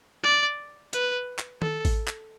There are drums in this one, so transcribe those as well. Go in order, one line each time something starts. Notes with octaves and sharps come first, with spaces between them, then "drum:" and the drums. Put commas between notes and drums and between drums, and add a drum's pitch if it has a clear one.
D5
B4, drum: hi-hat
drum: clap
A4, drum: tom D#3
drum: kick A1, open hi-hat
drum: clap